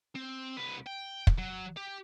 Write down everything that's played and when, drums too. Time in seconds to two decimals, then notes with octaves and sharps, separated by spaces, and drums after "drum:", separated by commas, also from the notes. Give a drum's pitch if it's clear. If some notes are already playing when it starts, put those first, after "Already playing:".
0.15 C4
0.57 C2 B4
0.86 G5
1.27 drum: kick
1.38 F#3
1.77 G4